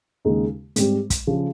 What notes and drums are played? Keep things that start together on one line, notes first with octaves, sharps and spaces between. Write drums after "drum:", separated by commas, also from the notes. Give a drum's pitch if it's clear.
D#2 C#3 G#3 D#4
G#2 G3 C4, drum: hi-hat
drum: kick, hi-hat
C#3 F3